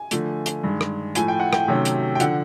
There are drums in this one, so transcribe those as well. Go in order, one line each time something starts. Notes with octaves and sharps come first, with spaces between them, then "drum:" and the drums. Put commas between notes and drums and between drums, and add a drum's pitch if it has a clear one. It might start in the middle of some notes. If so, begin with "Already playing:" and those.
Already playing: G#5
D3 F3 A3, drum: hi-hat
drum: hi-hat
G2 D#3 G#3
drum: rim click
A2 F3 A3 G#5, drum: hi-hat
G5
F#5
G5, drum: rim click
C3 D#3 F#3 A3 C#4
drum: hi-hat
G5
D3 F3 F#5, drum: hi-hat